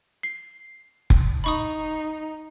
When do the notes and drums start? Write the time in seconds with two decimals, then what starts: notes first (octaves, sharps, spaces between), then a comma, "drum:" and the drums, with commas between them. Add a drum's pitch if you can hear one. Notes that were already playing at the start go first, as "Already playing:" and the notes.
0.23 C7
1.10 drum: kick F1
1.44 D#4 B5 C#6 D#6